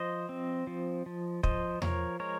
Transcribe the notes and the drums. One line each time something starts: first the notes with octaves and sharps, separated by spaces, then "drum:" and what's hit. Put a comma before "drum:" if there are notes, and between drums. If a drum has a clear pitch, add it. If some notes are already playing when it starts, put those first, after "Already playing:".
Already playing: F3 C5 D#5
C4
F3
F3
F3 C5 D#5, drum: kick
F3 A#4 C#5, drum: tom E2
G#3 A#4 C#5